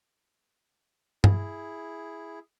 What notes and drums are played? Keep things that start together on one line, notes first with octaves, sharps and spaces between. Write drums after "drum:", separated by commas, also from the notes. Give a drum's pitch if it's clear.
E4 G#4, drum: tom G2